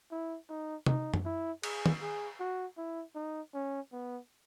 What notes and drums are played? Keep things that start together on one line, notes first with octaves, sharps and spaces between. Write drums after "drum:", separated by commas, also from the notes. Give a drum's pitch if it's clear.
E4
D#4
D#4, drum: tom
drum: tom F#2
E4
G#4, drum: cymbal
drum: tom
G#4
F#4
E4
D#4
C#4
B3